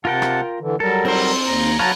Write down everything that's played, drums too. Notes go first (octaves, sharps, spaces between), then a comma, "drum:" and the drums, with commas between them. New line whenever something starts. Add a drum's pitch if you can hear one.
C3 F4 A#4 F#5 G5 A5
drum: rim click
D3 E3
F#3 G3 A4 A#4
C4 C5, drum: cymbal
D#2 A#5
F#3 B4 C#5 F5 A5 A#5